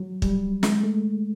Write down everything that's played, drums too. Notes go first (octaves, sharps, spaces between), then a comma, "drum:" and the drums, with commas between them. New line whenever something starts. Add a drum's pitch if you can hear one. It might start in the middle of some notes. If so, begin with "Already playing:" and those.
Already playing: F#3
G3, drum: kick
G#3, drum: snare
A3